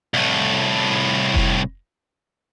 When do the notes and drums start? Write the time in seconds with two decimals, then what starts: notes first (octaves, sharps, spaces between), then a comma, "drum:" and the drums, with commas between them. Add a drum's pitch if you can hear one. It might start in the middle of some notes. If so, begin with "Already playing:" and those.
0.14 C2 A2
1.34 drum: kick F1